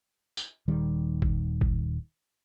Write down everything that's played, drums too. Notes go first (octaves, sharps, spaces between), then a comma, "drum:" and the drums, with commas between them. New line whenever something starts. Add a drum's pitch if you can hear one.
drum: tambourine
D#1 D#3 G3
drum: kick G1
drum: kick G1